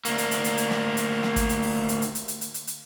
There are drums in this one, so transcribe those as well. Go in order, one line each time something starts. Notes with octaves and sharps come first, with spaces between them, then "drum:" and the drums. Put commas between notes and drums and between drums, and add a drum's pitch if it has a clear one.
D2 A#3, drum: hi-hat
drum: hi-hat
drum: hi-hat
drum: hi-hat
drum: hi-hat
drum: snare
drum: hi-hat
drum: snare
drum: kick, hi-hat
drum: hi-hat
drum: open hi-hat
drum: hi-hat
drum: hi-hat
drum: hi-hat
drum: hi-hat
drum: hi-hat
drum: hi-hat
drum: hi-hat